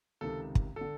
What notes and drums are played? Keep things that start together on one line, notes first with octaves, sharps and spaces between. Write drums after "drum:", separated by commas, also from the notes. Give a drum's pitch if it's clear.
C#2 C3 D#3 A4
drum: kick
D3 A4